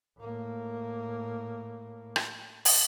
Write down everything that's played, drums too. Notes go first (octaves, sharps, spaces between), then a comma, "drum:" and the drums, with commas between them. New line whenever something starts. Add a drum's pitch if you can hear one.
A2 A#3
drum: rim click
drum: open hi-hat